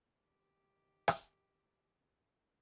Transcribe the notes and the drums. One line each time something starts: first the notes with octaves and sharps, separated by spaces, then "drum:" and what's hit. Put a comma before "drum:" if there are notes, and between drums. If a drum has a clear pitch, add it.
D#3 G4
drum: rim click